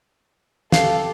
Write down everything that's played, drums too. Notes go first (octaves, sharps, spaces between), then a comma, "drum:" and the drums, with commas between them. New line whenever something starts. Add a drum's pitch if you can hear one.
G4 A4 F5, drum: snare